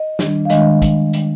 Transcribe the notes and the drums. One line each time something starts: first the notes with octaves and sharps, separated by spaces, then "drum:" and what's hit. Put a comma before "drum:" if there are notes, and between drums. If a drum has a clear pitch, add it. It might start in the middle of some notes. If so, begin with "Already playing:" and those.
Already playing: D#5
D#3 G3 D4, drum: snare
F5
D#3 G#3 D4 D#5, drum: hi-hat
drum: kick, hi-hat
drum: hi-hat